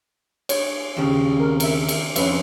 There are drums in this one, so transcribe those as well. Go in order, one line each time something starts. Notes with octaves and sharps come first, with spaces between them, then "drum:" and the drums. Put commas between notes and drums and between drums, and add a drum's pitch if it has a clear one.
C#5, drum: cymbal
D#2 C#3
C4 A#4
A#4 E5, drum: cymbal
drum: cymbal
F2 C#4 B4 E5, drum: cymbal